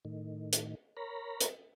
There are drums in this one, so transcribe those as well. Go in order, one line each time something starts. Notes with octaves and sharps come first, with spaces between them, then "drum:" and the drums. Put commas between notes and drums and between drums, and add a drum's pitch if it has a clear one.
A2 D#3
drum: hi-hat
A#4 C#5 A#5 B5
drum: hi-hat